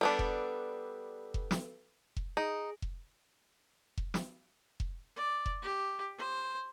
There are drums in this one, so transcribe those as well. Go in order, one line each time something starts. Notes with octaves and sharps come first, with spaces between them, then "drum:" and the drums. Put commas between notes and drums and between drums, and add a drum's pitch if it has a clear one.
G3 B3 D4 A4 B4
drum: kick F1
drum: kick F1
drum: snare
drum: kick F1
D#4 G#4
drum: kick F1
drum: kick F1
drum: snare
drum: kick F1
D5
drum: kick F1
G4
C5